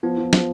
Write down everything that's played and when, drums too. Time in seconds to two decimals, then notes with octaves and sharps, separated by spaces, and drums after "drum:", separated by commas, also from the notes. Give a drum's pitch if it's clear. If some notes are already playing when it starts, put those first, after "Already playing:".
0.03 F3 B3
0.17 F3
0.33 F3, drum: snare